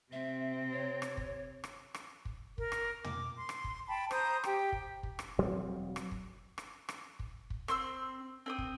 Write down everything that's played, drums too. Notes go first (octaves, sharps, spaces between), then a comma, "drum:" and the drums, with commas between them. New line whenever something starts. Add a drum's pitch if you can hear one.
C3 C4 E5
C#5
drum: rim click
drum: kick
drum: rim click
drum: rim click
drum: kick
A#4, drum: kick
drum: rim click
D6, drum: tom
C6
drum: rim click
drum: kick
G5 A5 B5
C5 A#5 D#6 G6, drum: rim click
G4 G5, drum: rim click
drum: kick
drum: kick
drum: rim click
E1 F#3 G3 C4
drum: rim click
drum: kick
drum: rim click
drum: rim click
drum: kick
drum: kick
C4 C6 E6, drum: rim click
C4 G5 D#6
drum: kick